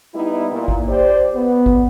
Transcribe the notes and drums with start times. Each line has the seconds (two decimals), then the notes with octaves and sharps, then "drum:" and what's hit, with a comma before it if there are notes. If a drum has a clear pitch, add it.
0.15 G3 B3 D#4 E4
0.52 A#2
0.68 drum: kick
0.88 G4 C5 D5
1.35 B3
1.66 drum: kick